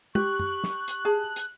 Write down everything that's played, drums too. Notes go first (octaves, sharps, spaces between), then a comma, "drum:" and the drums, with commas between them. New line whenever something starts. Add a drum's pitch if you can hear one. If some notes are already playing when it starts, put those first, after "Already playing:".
G4 C#6 F#6, drum: tom
drum: tom F#2
drum: snare
drum: hi-hat
G#4 A5
drum: hi-hat